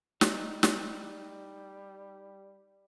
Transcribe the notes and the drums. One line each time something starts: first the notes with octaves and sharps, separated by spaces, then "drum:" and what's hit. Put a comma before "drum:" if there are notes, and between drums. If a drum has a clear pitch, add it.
G3 D#4 D#5, drum: snare
drum: snare